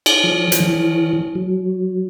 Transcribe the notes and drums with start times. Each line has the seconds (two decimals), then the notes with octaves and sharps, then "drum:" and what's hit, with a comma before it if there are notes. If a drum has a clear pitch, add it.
0.06 drum: cymbal
0.24 F3
0.52 F3, drum: hi-hat
0.60 E3
1.35 F#3